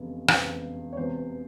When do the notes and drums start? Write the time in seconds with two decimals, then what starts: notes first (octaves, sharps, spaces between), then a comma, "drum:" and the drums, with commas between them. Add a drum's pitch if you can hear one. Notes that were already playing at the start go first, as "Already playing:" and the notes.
Already playing: F1 E2 C#3
0.28 F1 E2 C#3 C5, drum: rim click
0.93 C#5
0.97 E1 E2 C3 C5